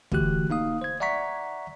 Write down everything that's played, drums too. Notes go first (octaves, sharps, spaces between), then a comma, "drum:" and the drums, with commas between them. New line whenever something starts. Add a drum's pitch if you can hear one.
D3 E3 A3 F#4 G4 F#6, drum: kick
A#3 D#4 F5 D#6
C5 G#6
D5 E5 F#5 A#5 C#6 B6